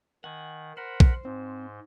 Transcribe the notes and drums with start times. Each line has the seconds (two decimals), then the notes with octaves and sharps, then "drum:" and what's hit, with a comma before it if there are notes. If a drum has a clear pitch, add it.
0.24 D#3 F#5 G#5
0.77 A#4 C5 F#5 B5
1.00 drum: kick
1.25 G#2 C4